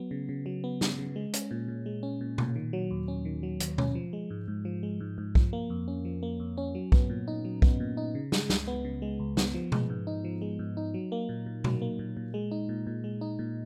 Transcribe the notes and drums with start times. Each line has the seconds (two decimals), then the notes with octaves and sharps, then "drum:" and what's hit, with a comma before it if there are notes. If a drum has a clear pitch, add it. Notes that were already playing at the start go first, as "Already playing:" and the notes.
Already playing: F#3 B3
0.11 C#3
0.29 C#3
0.46 F#3
0.64 B3
0.81 C#3, drum: snare
0.99 C#3
1.16 G#3
1.33 C#4, drum: hi-hat
1.51 A#2
1.68 A#2
1.86 G#3
2.03 C#4
2.21 A#2
2.38 A#2, drum: tom B2
2.56 D#3
2.73 F#3
2.91 D#2
3.08 C#4
3.25 D#3
3.43 F#3
3.60 D#2, drum: hi-hat
3.78 C#4, drum: tom B2
3.95 F3
4.13 G#3
4.31 G#2
4.48 G#2
4.65 F3
4.83 G#3
5.01 G#2
5.18 G#2
5.35 F3, drum: kick B1
5.53 A#3
5.70 F2
5.88 C#4
6.05 F3
6.23 A#3
6.40 F2
6.57 C#4
6.75 F#3
6.92 B3, drum: kick B1
7.10 A#2
7.28 D#4
7.45 F#3
7.62 B3, drum: kick B1
7.80 A#2
7.97 D#4
8.15 C#3
8.32 G#3, drum: snare
8.50 C#2, drum: snare
8.67 B3
8.85 C#3
9.02 G#3
9.20 C#2
9.37 B3, drum: snare
9.54 F3
9.72 G#3, drum: tom B2
9.90 G#2
10.07 D#4
10.25 F3
10.41 G#3
10.59 G#2
10.77 D#4
10.94 F#3
11.12 A#3
11.29 A#2
11.46 A#2
11.64 F#3, drum: tom B2
11.82 A#3
11.99 A#2
12.17 A#2
12.34 G#3
12.51 D#4
12.69 A#2
12.87 A#2
13.04 G#3
13.21 D#4
13.39 A#2